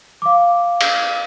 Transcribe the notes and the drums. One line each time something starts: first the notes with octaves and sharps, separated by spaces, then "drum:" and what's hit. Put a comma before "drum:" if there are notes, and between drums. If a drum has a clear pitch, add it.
F5 D6
drum: cymbal